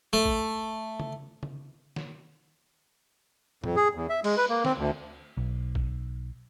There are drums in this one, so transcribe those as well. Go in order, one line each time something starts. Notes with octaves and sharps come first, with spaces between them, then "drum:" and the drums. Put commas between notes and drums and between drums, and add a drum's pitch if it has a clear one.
A3
drum: kick
drum: tom C#3
drum: tom C#3
drum: snare
F2, drum: tom A2
G#4
E2
E5
G#3, drum: cymbal
B4
A#3
C4, drum: snare
D2
B1
drum: kick